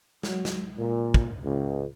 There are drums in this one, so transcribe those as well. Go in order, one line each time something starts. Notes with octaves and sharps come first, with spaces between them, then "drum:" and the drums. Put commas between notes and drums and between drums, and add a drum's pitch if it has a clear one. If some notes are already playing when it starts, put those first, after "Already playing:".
F#3, drum: snare
drum: snare
A#2
drum: kick
C#2